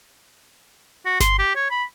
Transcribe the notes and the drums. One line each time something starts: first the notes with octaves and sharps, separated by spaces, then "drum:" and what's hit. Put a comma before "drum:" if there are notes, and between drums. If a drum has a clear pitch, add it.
F#4
C6, drum: snare G1
G4
C#5
B5